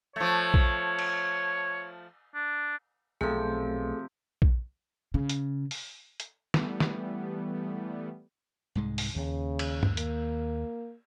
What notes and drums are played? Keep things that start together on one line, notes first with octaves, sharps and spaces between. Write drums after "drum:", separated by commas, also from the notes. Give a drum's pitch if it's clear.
F3 A3 C#5
drum: kick A#1
drum: cymbal
D4
B1 C3 F3 A3 G#4 A4
drum: kick A#1
C#3
drum: hi-hat
drum: open hi-hat
drum: hi-hat
E3 G3 A3 B3, drum: snare
drum: snare
C2 G#2 G#3
drum: open hi-hat
D#2 C#3
drum: cymbal
drum: tom
A#3, drum: hi-hat